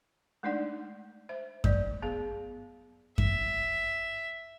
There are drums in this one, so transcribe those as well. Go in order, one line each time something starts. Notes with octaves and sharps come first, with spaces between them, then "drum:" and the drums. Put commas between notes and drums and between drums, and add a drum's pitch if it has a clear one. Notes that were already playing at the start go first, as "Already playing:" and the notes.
G#3 A3 D4 D#4 D5 F#5
C5 E5
F#3 A3 D5, drum: kick F#2
B3 G#4 F5
E5, drum: kick F#2